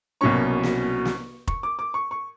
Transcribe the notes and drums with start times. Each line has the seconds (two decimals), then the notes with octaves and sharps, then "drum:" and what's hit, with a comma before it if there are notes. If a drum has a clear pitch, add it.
0.21 C2 B2 F#3 A#3 C#4 C#6
0.63 drum: snare
1.05 drum: snare
1.48 C#6, drum: kick F1
1.63 D6
1.79 D6
1.94 C#6
2.11 C#6